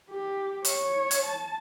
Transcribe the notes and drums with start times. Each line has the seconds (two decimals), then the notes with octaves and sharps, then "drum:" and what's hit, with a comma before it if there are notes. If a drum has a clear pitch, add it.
0.11 G4
0.65 C#5, drum: hi-hat
1.11 drum: hi-hat
1.25 A5